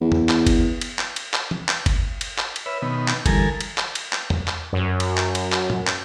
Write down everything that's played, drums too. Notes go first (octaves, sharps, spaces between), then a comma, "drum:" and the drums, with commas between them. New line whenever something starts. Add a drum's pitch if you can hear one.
E2
drum: tom
drum: clap
drum: kick G1, cymbal
drum: cymbal
drum: clap
drum: cymbal
drum: clap
drum: tom
drum: clap
drum: kick G1, cymbal
drum: cymbal
drum: clap
drum: cymbal
B4 C#5 E5 F6
B2 D#3 B3
drum: clap
D3 E3 G3 A4 A#4 G#5, drum: kick G1, cymbal
drum: cymbal
drum: clap
drum: cymbal
drum: clap
drum: tom
drum: clap
F#2
drum: cymbal
drum: clap
drum: cymbal
drum: clap
drum: tom
drum: clap